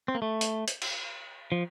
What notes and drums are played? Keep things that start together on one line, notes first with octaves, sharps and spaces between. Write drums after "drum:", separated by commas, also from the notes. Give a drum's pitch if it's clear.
C4
A#3
A3
drum: hi-hat
drum: hi-hat
drum: cymbal
F3